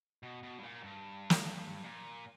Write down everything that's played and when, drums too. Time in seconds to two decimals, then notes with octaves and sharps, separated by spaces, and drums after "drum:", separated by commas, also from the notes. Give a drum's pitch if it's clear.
0.23 B2
0.43 B2
0.59 G2
0.63 A#2
0.83 G2
1.30 drum: snare
1.84 A#2